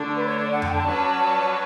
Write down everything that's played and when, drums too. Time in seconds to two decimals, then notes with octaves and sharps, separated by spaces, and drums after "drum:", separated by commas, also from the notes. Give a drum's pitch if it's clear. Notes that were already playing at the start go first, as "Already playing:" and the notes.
Already playing: D3 A3 D4
0.14 B4
0.26 C#5
0.39 D5
0.50 F#5
0.62 G5, drum: tom F2
0.74 A5
0.86 F#3 C#4 F#4 B4 D5